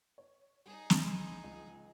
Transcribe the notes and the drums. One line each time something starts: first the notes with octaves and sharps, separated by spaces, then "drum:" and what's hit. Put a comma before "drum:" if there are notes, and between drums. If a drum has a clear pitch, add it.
C#5
G3 D#4 G#4
drum: snare
B5 C6
C#2